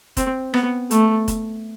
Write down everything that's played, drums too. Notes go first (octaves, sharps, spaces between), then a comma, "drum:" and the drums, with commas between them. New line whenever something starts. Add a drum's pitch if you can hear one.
C4, drum: kick F1, hi-hat
B3, drum: rim click
A3, drum: hi-hat
drum: kick F1, hi-hat